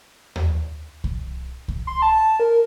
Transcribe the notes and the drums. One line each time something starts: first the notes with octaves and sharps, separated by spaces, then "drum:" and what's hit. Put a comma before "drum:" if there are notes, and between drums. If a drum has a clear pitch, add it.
drum: tom D#2
drum: kick C2
drum: kick C2
C6
A5
A#4